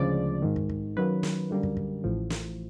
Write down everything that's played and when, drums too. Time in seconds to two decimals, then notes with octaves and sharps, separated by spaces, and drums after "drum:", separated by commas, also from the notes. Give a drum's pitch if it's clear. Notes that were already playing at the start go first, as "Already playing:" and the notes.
Already playing: D2 C#3 F3 G#3 D5
0.42 G#1 G#2 D#3
0.56 drum: kick
0.70 drum: kick
0.97 F#2 D#3 F#3 A#3 B4
1.23 drum: snare
1.50 F#2 D3 G3 A#3
1.63 drum: kick
1.77 drum: kick
2.04 A1 A2 F3
2.30 drum: snare